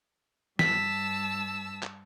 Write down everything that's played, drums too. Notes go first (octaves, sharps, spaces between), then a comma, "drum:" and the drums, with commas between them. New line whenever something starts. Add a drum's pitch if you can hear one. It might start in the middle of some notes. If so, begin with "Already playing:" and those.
G2 A5 E6 B6, drum: snare
drum: clap